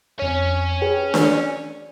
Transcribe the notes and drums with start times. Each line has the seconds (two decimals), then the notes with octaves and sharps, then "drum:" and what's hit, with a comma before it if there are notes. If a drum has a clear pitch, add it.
0.19 F2 C#4 C#5
0.81 G#4 B4 G5
1.14 D5, drum: snare D4